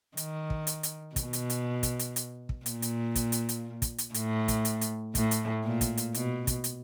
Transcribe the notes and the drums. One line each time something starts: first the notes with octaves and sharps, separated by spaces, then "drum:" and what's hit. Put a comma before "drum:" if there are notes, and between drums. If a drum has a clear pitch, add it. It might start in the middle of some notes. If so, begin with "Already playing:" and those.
D#3, drum: hi-hat
drum: kick
drum: hi-hat
drum: hi-hat
B2, drum: kick, hi-hat
drum: hi-hat
drum: hi-hat
drum: kick, hi-hat
drum: hi-hat
drum: hi-hat
drum: kick
A#2, drum: hi-hat
drum: hi-hat
drum: kick, hi-hat
drum: hi-hat
drum: hi-hat
drum: kick, hi-hat
drum: hi-hat
A2, drum: hi-hat
drum: kick, hi-hat
drum: hi-hat
drum: hi-hat
A2, drum: kick, hi-hat
drum: hi-hat
A#2
drum: kick, hi-hat
drum: hi-hat
B2, drum: hi-hat
drum: kick, hi-hat
drum: hi-hat